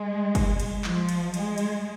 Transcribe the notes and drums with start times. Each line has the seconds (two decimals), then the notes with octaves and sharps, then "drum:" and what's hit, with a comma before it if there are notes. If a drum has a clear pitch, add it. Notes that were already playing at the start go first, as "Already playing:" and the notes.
Already playing: G#3
0.35 drum: kick F#1, cymbal
0.60 drum: cymbal
0.84 F3, drum: clap
1.09 drum: cymbal
1.34 G#3, drum: cymbal
1.58 drum: cymbal